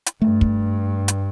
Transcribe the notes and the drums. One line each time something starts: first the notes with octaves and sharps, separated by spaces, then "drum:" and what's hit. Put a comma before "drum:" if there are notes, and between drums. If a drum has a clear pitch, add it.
drum: hi-hat
G2 A3
drum: kick
drum: hi-hat